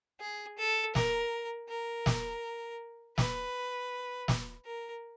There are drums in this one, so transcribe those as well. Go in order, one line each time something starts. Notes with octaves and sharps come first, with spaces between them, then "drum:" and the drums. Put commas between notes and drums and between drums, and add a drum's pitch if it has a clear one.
G#4
A4
A#4, drum: snare
A#4
drum: snare
B4, drum: snare
drum: snare
A#4